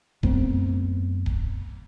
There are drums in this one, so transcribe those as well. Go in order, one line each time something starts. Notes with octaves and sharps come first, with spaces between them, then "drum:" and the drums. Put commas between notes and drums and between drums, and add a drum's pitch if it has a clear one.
F#2 A3 B3 C4, drum: kick D1
drum: kick D1